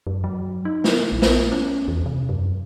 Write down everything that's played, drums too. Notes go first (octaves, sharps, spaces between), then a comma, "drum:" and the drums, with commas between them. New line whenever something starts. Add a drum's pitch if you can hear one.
F#2
F#3
D#4
drum: snare
A#1
drum: snare
C#4
E2
C3
F#2